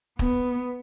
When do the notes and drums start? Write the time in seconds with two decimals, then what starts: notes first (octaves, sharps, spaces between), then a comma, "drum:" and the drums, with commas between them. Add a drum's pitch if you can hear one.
0.19 B3, drum: kick